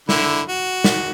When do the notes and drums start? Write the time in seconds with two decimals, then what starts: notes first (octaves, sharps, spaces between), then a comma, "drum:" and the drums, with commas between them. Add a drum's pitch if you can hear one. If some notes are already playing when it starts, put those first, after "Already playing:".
0.09 D3 E4, drum: snare
0.49 F#4
0.84 drum: snare